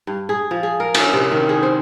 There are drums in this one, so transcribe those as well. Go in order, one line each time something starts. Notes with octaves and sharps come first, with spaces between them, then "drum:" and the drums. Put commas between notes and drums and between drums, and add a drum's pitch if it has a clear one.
G2
G#4
F3
G#4
A#4
C#4, drum: cymbal
C3
D#3
G#4
C5